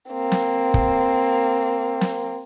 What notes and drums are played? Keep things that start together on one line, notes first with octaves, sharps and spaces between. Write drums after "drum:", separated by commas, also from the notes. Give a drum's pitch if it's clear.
A#3 C4
drum: snare
drum: kick
drum: snare